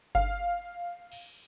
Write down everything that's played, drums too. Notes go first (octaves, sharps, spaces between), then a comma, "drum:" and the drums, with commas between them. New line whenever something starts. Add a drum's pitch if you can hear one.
F5, drum: kick G1
drum: cymbal